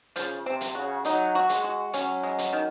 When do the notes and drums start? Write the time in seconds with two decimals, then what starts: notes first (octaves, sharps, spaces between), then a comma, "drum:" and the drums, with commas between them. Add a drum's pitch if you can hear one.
0.16 C#3 F3, drum: hi-hat
0.46 C3 C4
0.61 drum: hi-hat
0.75 C#3 F#4
1.05 F#3 D#4, drum: hi-hat
1.35 F#4
1.49 G#3, drum: hi-hat
1.64 F#4
1.93 F#3 C#4, drum: hi-hat
2.23 G#3
2.38 drum: hi-hat
2.53 D#3